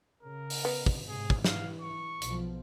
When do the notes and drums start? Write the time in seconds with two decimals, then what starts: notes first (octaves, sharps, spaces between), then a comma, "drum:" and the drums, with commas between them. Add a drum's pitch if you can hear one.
0.22 C#3 A#4
0.50 drum: open hi-hat
0.65 B3
0.86 drum: kick
1.08 G#2 C3 G#4
1.30 drum: kick
1.44 E3 F5, drum: snare
1.82 C#6
2.22 B1 B2 F3, drum: hi-hat